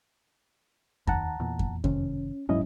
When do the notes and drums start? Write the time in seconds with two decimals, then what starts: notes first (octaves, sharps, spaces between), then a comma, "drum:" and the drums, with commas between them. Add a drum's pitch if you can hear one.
1.07 D#2 F#5 A5 A#5, drum: kick F2
1.40 E2 A#2
1.59 drum: kick F2
1.84 F#1 C3 D#3 C#4, drum: kick F2
2.49 D#1 G#2 F#3 C#4 E4 D#5